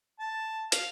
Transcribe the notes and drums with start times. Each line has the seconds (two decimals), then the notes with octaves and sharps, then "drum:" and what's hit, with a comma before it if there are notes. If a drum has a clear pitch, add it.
0.20 A5
0.72 F5, drum: hi-hat